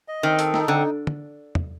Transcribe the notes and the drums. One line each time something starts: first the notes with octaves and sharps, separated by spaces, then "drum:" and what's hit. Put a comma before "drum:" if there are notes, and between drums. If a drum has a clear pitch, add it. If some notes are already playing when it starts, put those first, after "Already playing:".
D#5
D#3 C4
A4, drum: hi-hat
D#4, drum: snare
D3 C4
drum: tom
drum: tom